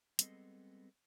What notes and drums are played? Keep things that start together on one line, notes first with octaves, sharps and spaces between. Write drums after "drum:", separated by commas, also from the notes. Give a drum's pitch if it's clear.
G3 G#3 B3 C4 A4 D#5, drum: hi-hat